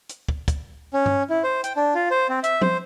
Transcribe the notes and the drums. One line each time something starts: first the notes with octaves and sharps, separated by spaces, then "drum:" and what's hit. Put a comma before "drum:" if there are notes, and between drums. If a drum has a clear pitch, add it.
drum: hi-hat
drum: kick
drum: kick, hi-hat
C#4
drum: tom G2
E4
C5
G5, drum: hi-hat
D4
F4
C5
C4
E5, drum: hi-hat
C5, drum: tom F3